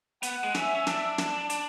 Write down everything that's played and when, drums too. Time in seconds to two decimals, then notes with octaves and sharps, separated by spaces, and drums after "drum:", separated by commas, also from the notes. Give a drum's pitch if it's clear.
0.23 B3 F#5, drum: hi-hat
0.44 G#3
0.55 C#4 E5, drum: snare
0.75 C#4
0.87 D4 E5, drum: snare
1.18 drum: snare
1.50 D4, drum: hi-hat